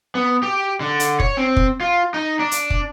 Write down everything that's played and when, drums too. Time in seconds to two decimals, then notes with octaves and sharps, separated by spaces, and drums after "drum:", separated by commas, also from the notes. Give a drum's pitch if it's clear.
0.15 B3
0.43 G4
0.80 D3
1.00 drum: hi-hat
1.20 C#5, drum: kick
1.37 C4
1.57 drum: kick
1.81 F4
2.14 D#4
2.39 D4
2.51 drum: hi-hat
2.70 drum: kick